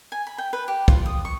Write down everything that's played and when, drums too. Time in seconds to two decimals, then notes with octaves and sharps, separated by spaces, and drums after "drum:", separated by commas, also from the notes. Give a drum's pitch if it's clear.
0.12 G#5
0.27 B5
0.38 G5
0.53 B4
0.68 G4
0.88 F4, drum: kick
1.06 D#6
1.25 C#6